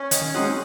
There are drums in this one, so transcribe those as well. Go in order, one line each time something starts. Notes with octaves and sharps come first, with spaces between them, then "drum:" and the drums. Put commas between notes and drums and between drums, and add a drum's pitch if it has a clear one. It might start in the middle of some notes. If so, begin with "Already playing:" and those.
Already playing: C#4
D#3, drum: hi-hat
G#3 C4 D#4 F#4